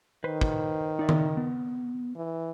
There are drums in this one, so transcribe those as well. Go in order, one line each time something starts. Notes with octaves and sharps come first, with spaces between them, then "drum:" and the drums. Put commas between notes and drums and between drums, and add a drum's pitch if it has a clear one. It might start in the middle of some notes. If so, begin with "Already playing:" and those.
D#3 B4 C5
drum: kick
D#4 D5 E5
drum: tom D#3
B3
E3